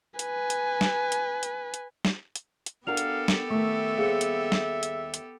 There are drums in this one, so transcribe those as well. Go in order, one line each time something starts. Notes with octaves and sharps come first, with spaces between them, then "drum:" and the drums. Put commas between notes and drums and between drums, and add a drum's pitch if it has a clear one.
B4 G#5, drum: hi-hat
drum: hi-hat
drum: snare
drum: hi-hat
drum: hi-hat
drum: hi-hat
drum: snare
drum: hi-hat
drum: hi-hat
B3 D4 F#4 G4 A4 A#4 F5 F7
drum: hi-hat
drum: snare
D#3 A3 E5 C#6
D#2 G3 G#4 C5 F5 C#7
drum: hi-hat
drum: snare
drum: hi-hat
drum: hi-hat